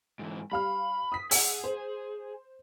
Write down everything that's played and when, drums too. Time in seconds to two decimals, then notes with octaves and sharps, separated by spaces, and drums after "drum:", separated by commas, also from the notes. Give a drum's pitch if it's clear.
0.19 G#2 E3
0.51 G3 F5 B5 F6
1.12 D#6 B6
1.31 G#4 F#5 E6, drum: open hi-hat
1.64 C5